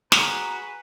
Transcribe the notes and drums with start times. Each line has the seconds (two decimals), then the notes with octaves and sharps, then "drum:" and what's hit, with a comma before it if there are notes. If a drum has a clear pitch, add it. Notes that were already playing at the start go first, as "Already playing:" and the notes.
0.12 F#4 G#4 B4 A#5, drum: snare